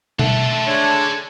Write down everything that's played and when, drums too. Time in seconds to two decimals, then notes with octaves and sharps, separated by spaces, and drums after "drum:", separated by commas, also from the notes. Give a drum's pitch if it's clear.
0.19 A3 A4 F#5, drum: tom B2
0.67 G#3 D4 C#5